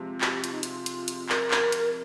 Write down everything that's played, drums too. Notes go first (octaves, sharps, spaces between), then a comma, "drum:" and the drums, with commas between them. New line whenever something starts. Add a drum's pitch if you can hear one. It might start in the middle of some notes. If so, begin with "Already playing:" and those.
Already playing: C3 F3 G#3
G4, drum: clap
F4, drum: hi-hat
D#4
F4, drum: hi-hat
drum: hi-hat
drum: hi-hat
A#4, drum: clap
drum: clap
drum: hi-hat